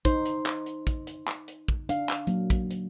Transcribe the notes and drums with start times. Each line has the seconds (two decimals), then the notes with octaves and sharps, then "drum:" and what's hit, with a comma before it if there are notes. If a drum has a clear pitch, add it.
0.05 D#4 C5, drum: kick, hi-hat
0.25 drum: hi-hat
0.46 drum: clap
0.66 drum: hi-hat
0.87 drum: kick, hi-hat
1.07 drum: hi-hat
1.28 drum: clap
1.48 drum: hi-hat
1.68 drum: kick
1.89 D4 F5, drum: hi-hat
2.09 drum: clap
2.27 F#3 A#3, drum: hi-hat
2.50 drum: kick, hi-hat
2.71 drum: hi-hat